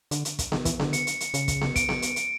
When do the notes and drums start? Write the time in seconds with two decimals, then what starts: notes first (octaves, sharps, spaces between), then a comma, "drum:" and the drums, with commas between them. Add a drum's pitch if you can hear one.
0.11 D3, drum: hi-hat
0.25 drum: hi-hat
0.39 drum: kick, hi-hat
0.52 D#3, drum: snare B3
0.65 E3, drum: kick, hi-hat
0.80 D3, drum: snare B3
0.93 C#7, drum: hi-hat
1.07 drum: hi-hat
1.20 drum: hi-hat
1.34 C#3, drum: hi-hat
1.48 drum: kick, hi-hat
1.61 drum: snare B3
1.76 D7, drum: kick, hi-hat
1.89 drum: snare B3
2.02 drum: hi-hat
2.16 drum: hi-hat